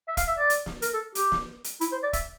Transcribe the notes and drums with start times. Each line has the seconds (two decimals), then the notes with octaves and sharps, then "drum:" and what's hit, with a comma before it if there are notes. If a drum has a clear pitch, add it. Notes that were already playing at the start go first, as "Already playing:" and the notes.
0.08 E5
0.17 F5, drum: kick, hi-hat
0.28 E5
0.38 D5
0.50 drum: hi-hat
0.66 drum: snare
0.82 A#4, drum: hi-hat
0.94 A4
1.15 G4, drum: hi-hat
1.32 drum: snare
1.64 drum: hi-hat
1.81 E4, drum: hi-hat
1.92 C5
2.03 D5
2.13 E5, drum: kick, hi-hat